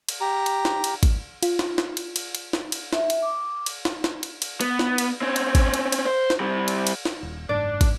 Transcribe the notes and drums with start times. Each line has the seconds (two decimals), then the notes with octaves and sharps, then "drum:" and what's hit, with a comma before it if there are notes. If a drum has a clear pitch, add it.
0.09 drum: cymbal
0.21 G4 A#5
0.46 drum: cymbal
0.65 drum: snare
0.84 drum: cymbal
1.03 drum: kick, cymbal
1.43 F4, drum: cymbal
1.59 drum: snare
1.78 drum: snare
1.97 drum: cymbal
2.16 drum: cymbal
2.35 drum: cymbal
2.53 drum: snare
2.72 drum: cymbal
2.93 E5, drum: snare
3.10 drum: cymbal
3.22 D6
3.66 drum: cymbal
3.85 drum: snare
4.04 drum: snare
4.23 drum: cymbal
4.42 drum: cymbal
4.61 B3, drum: cymbal
4.79 drum: snare
4.98 drum: cymbal
5.22 C4 C#4
5.36 drum: cymbal
5.55 drum: kick, cymbal
5.74 drum: cymbal
5.92 drum: cymbal
6.06 C5
6.30 drum: snare
6.40 G3 C4
6.68 drum: cymbal
6.87 drum: cymbal
7.05 drum: snare
7.23 D#1
7.49 F#1 G#2 D4 D5
7.81 drum: kick, cymbal